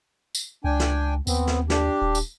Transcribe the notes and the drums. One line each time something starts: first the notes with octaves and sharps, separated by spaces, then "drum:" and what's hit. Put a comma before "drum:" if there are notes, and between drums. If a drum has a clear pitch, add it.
drum: tambourine
C#2 D4 G5 G#5
drum: snare
D#2 B3 C4, drum: tambourine
drum: snare
D4 G4, drum: snare
D#1
drum: tambourine